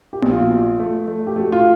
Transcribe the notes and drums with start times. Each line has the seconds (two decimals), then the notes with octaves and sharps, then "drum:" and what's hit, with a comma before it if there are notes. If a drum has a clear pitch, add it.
0.13 G4
0.22 A#1, drum: tom B3
0.31 F4
0.40 F#4
0.50 F3 F4
0.80 A3
1.08 A3
1.27 G4
1.36 A3 F#4
1.52 F4